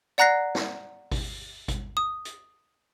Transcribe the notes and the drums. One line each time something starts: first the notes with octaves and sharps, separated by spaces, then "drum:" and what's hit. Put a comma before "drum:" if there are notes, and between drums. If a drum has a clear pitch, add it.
D5 F#5 A#5 F#6 A#6 C7
drum: snare
drum: kick G#1, open hi-hat
drum: kick G#1, hi-hat
D#6
drum: hi-hat